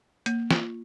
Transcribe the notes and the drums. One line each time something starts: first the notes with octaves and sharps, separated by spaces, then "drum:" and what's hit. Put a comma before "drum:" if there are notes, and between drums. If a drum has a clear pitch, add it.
A#3, drum: hi-hat
F4, drum: snare